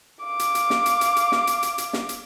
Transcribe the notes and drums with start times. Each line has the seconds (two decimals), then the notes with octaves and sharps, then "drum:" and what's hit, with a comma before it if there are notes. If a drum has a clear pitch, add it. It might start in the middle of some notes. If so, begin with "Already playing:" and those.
0.24 F5 D6
0.39 drum: hi-hat
0.55 drum: hi-hat
0.70 drum: snare
0.86 drum: hi-hat
1.01 drum: hi-hat
1.16 drum: hi-hat
1.32 drum: snare
1.47 drum: hi-hat
1.63 drum: hi-hat
1.78 drum: hi-hat
1.93 drum: snare
2.09 drum: hi-hat